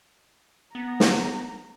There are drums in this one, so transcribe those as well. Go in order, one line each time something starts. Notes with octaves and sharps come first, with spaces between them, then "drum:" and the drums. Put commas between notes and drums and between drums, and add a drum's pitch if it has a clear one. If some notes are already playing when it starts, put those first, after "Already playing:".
B3 A#5
drum: snare